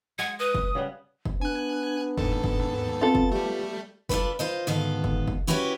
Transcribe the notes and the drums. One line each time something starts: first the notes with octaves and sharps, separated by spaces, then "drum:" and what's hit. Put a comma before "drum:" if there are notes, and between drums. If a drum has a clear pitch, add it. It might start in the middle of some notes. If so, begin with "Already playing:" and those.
G#3 F#5 G#6
B4 D#6
drum: kick F#1
C#3 G3 B3
drum: kick F#1
B3 D4 G#5 F#6
D#2 G#2 A4, drum: kick F#1
drum: kick F#1
C4 F4 A4 A6
drum: kick F#1
G3 A3 G4
D4 F4 F#4 A4 B4, drum: kick F#1
F4 C5 D#5
D2 G#2 D#3 B3 A4 F5
drum: kick F#1
drum: kick F#1
C#4 E4 F#4 G4 B4 C#5